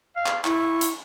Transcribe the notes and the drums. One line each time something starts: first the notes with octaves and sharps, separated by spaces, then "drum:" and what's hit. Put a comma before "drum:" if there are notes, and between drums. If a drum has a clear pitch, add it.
F5
drum: clap
E4 C#6, drum: clap
drum: hi-hat